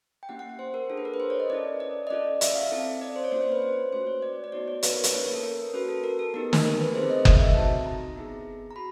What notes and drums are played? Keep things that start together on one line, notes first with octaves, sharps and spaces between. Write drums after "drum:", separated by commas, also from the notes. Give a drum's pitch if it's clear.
G5
A#3 C#4 E4 G4 F#5
F#5
F#5
C5
A#4
D4 F4 G#4 A4
B4
A#4
B4
C5
C#5
D#5
C#4 E4 A4 D5
D5
D#5
C#4 F4 A4 D5
E5, drum: hi-hat
F5
C4 E4 A4 F5
D5
C5
C#5
A#3 C#4 F4 C5
C5
B4
C5
A3 C#4 F#4 C5
C#5
D5
D5
B3 D#4 F#4 C#5
C#5
B4, drum: hi-hat
A#4
B4, drum: hi-hat
A#3 C#4 E4 C#5
A#4
A4
A#4
C#4 F#4 A4 B4
A4
A#4
A4
B3 D#4 G4 A#4
drum: snare
A#4
B4
A3 C4 E4 G#4 C5
D#5
E5, drum: kick F#1
D#5
E5
C4 D#4 F#4 A4 A5
A#5
B3 E4 G#4
A#5
F#4 B5